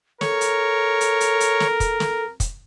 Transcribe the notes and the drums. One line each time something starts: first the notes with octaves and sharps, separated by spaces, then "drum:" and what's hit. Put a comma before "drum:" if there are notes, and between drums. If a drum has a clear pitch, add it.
A4 A#4 C#5, drum: snare
drum: hi-hat
drum: hi-hat
drum: hi-hat
drum: hi-hat
drum: snare
drum: kick, hi-hat
drum: snare
drum: kick, hi-hat